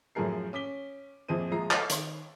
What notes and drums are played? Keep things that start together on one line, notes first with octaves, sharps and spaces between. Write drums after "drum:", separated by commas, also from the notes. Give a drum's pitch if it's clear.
F#2 A2 F3 G#4 A#4 C7
C#4 D6 B6 G7
A#1 F2 G#4 C5 D#7
A#1 F3 G#3 A#5 C7
A4 C#5 D#5, drum: clap
D#3 C#5 C6, drum: hi-hat